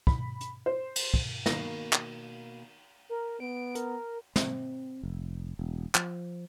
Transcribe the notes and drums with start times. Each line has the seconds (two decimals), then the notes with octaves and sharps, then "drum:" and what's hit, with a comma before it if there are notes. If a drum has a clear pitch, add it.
0.07 B5, drum: kick
0.41 drum: hi-hat
0.66 C5
0.96 drum: cymbal
1.14 drum: kick
1.46 B2 D#3 A#3 A#6, drum: snare
1.93 drum: clap
3.09 A#4
3.40 B3 D7
3.75 A#4, drum: hi-hat
4.36 C4, drum: snare
5.03 F1
5.59 E1
5.95 F3, drum: clap